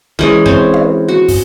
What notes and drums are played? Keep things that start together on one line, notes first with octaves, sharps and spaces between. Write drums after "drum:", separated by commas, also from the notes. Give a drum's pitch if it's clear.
E3 G#3 C#4, drum: snare
C4 C#4, drum: kick
drum: tom
F#4
drum: kick, open hi-hat